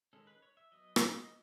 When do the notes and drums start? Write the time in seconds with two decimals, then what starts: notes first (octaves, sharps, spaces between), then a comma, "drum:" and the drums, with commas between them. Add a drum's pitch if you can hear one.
0.13 D#3 G#3 C#4 A4
0.27 B4
0.42 C#5
0.57 E5
0.72 F#3 B3 D#5
0.96 drum: rim click
1.11 D#5